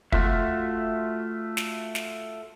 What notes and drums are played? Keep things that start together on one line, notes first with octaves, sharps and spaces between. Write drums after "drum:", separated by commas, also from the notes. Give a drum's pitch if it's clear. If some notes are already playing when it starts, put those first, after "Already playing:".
A3 F4 F#4 E5, drum: kick
drum: snare
drum: snare